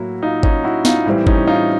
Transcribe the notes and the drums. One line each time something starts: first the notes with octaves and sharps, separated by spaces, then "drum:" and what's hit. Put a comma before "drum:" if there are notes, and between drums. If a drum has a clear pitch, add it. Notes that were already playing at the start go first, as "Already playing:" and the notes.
Already playing: A2 F#3 A#3 E4 F#4
D#4 F4
C#4 D#4, drum: kick G1
E4 F#4
D#4 F4, drum: snare
A2 E3 G3 C4
C#4 D#4, drum: kick G1
D#4 F4